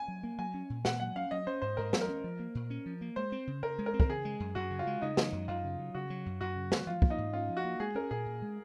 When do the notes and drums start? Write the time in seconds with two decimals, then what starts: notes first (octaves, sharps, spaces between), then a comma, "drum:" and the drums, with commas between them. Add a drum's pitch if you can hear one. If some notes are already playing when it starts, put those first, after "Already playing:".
Already playing: G#5
0.08 F#3
0.23 A#3
0.39 F#3 G#5
0.54 C#4
0.70 A#2
0.85 A#2 F#5, drum: snare
1.00 F#3 F#5
1.16 C#4 F5
1.31 F#3 D#5
1.47 C#4 C5
1.62 G#2 C5
1.77 G#2 A#4
1.93 F#3, drum: snare
2.01 A#4
2.08 C#4
2.24 F3
2.39 A#3
2.55 A#2
2.70 C#4
2.86 F3
3.01 A#3
3.16 G#3 C5
3.32 C4
3.47 C#3
3.63 C#3 A#4
3.79 G#3
3.86 A#4
3.94 C4
4.00 A#4, drum: kick
4.09 C#3 G#4
4.25 G#3
4.40 F#2
4.55 F#2 F#4
4.71 C#3
4.79 F4
4.87 G#3
5.02 C#3 D#4
5.17 F#3, drum: snare
5.32 F#2
5.48 F#2 F4
5.64 C#3
5.79 F#3
5.95 C#3 F#4
6.10 F#3
6.26 F#2
6.41 F#2 F#4
6.56 C#3
6.72 F#3, drum: snare
6.87 F3 F4
7.02 A#3, drum: kick
7.10 D#4
7.18 G#2
7.33 C#4 F4
7.49 F3
7.57 F#4
7.64 A#3
7.80 G#3 G#4
7.95 C#4 A#4
8.10 A#2 G#4
8.26 A#2
8.42 G#3